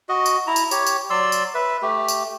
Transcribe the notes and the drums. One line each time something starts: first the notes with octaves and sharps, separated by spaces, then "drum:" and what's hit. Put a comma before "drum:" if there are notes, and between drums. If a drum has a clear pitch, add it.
F#4 D#5
drum: tambourine
E4 A#5
drum: tambourine
G4 C#5, drum: tambourine
drum: tambourine
F#3 D5 C6 E6
drum: tambourine
B4 E5
A3 G4
drum: tambourine